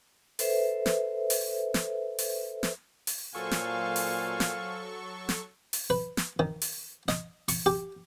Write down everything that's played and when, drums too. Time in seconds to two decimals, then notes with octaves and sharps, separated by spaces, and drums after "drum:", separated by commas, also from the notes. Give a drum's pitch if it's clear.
0.39 A4 B4 C5 E5, drum: open hi-hat
0.86 drum: snare
1.30 drum: open hi-hat
1.74 drum: snare
2.19 drum: open hi-hat
2.63 drum: snare
3.07 drum: open hi-hat
3.35 A#2 F#3 A4 C5 F5 G#5 C#6
3.51 drum: snare
3.96 drum: open hi-hat
4.40 drum: snare
5.29 drum: snare
5.73 drum: open hi-hat
5.90 B4
6.17 drum: snare
6.39 D#3
6.62 drum: open hi-hat
7.08 D#5, drum: snare
7.48 C#6, drum: open hi-hat
7.66 G4